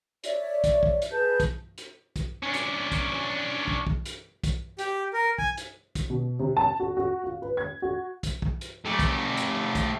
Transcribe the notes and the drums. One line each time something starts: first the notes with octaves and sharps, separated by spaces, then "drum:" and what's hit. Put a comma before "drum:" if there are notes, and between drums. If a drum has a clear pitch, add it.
C#5 D5 E5, drum: hi-hat
drum: kick, hi-hat
drum: kick
drum: hi-hat
G#4 B4 A5 G6
drum: kick, hi-hat
drum: hi-hat
drum: kick, hi-hat
C#4 D4
drum: hi-hat
drum: kick, hi-hat
drum: kick
drum: kick
drum: hi-hat
drum: kick, hi-hat
G4, drum: hi-hat
A#4
G#5, drum: kick
drum: hi-hat
drum: kick, hi-hat
B2
C3
A5
F#4
F#4
F4
B4
G#6
F#4
drum: kick, hi-hat
drum: kick
drum: hi-hat
A3 G4
drum: kick, hi-hat
drum: hi-hat
drum: kick, hi-hat